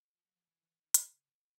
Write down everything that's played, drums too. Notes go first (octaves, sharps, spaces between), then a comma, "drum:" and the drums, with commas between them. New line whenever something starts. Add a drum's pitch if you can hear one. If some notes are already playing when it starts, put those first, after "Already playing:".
F3
F#3
F3
E3
D#3
drum: hi-hat
C#3